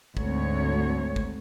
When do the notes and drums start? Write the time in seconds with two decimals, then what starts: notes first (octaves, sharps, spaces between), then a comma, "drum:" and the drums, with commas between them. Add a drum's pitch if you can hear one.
0.17 D2 G#2 A3 C4 C#5, drum: kick
1.16 drum: kick